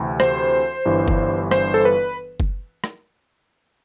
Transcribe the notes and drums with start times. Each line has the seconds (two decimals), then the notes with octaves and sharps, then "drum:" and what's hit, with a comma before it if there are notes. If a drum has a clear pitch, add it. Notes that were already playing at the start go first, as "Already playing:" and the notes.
Already playing: D2 C3 E3
0.20 C5, drum: rim click
0.86 G1 G2 E3
1.08 drum: kick F#1
1.51 C5, drum: rim click
1.74 A4
1.85 B4
2.40 drum: kick F#1
2.84 drum: rim click